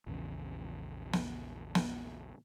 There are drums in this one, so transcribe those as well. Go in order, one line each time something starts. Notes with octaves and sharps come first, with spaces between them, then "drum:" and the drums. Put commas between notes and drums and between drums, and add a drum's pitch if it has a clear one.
A#1 E2 C#3
drum: snare
drum: snare